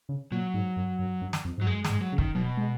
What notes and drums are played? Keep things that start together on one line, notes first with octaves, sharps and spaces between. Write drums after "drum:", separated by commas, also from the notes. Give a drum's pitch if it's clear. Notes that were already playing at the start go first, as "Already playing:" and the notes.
C#3
A#2 F#3
G#2
F#2
F#2
F#2
drum: snare
F2
G#2 F#3
F#2 G#3
G#2 G#3, drum: snare
F#3
C#3
D#3, drum: kick
B2 F#3
G#3